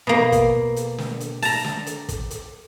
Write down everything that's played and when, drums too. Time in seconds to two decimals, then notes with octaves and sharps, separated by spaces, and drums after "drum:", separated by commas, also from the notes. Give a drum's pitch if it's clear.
0.07 B2 A#3
0.32 drum: kick, hi-hat
0.76 drum: hi-hat
0.98 drum: snare
1.20 drum: hi-hat
1.42 A5 A#5, drum: open hi-hat
1.64 drum: snare
1.87 drum: hi-hat
2.09 drum: kick, hi-hat
2.31 drum: hi-hat